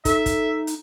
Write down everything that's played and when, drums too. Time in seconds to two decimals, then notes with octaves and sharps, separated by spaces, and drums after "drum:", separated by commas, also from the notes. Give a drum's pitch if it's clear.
0.05 D#4 A4 E5, drum: kick, hi-hat
0.26 drum: kick, hi-hat
0.67 drum: hi-hat